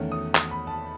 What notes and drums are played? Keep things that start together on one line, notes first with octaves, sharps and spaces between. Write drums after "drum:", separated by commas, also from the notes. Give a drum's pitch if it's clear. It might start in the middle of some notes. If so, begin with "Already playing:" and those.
Already playing: E2 D#3 A3 C#4
D#6
D#6, drum: clap
B5
A5